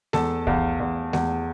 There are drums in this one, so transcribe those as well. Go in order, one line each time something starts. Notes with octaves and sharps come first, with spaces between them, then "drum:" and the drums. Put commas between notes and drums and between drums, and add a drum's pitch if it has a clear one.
E2 A4 A5, drum: snare G#3
E2 F5, drum: kick
E2
E2, drum: snare G#3